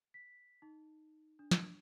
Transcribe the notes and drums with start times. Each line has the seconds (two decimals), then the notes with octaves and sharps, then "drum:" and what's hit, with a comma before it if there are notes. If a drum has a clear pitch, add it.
0.14 B6
0.62 D#4
1.39 D4
1.51 drum: snare